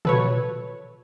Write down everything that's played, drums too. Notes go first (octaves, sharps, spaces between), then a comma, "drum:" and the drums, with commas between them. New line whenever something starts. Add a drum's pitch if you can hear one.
A4 B4 C#5, drum: tom A#2